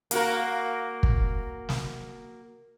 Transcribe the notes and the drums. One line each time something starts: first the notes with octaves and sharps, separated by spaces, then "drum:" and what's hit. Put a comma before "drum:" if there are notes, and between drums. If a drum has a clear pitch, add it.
A#3 F#4 A#4, drum: hi-hat
drum: kick
drum: snare